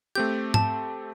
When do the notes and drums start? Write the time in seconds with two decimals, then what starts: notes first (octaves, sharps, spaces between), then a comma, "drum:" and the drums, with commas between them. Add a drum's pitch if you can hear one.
0.15 A3 C4 G4 G6
0.54 A5, drum: tom